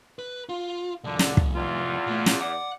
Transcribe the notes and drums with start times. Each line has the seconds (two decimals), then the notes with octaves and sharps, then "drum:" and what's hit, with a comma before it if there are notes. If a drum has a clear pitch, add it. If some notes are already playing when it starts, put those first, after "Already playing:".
0.19 B4
0.49 F4
1.04 C2 F2 D3
1.19 drum: snare
1.37 drum: kick
1.55 E2 F4
2.07 A#2 A3
2.26 drum: snare
2.41 D5 F#5